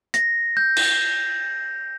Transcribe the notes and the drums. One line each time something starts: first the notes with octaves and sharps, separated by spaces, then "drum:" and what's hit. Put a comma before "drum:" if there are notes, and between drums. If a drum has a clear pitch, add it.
A#6, drum: hi-hat
G6
drum: cymbal